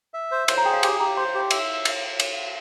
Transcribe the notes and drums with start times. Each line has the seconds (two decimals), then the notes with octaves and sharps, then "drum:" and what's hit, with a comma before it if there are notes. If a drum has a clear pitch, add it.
0.14 E5
0.31 C5
0.48 C5 C6, drum: cymbal
0.58 A#5
0.65 G#4 G5
0.74 F5
0.83 G4 G5, drum: cymbal
1.00 G4 A#5
1.17 C5 C6
1.34 G4
1.40 C6
1.51 E5, drum: cymbal
1.85 drum: cymbal
2.20 drum: cymbal